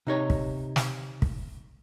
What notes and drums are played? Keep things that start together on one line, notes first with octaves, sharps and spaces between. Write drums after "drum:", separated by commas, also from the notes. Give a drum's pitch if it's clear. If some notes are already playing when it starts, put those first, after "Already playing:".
C3 D#4 C#5
drum: kick
drum: snare
drum: kick